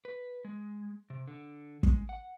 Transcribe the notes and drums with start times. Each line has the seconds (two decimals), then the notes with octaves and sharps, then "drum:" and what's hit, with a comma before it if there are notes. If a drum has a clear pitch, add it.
0.05 B4
0.45 G#3
1.10 C3
1.28 D3
1.83 G#3, drum: kick
2.09 F#5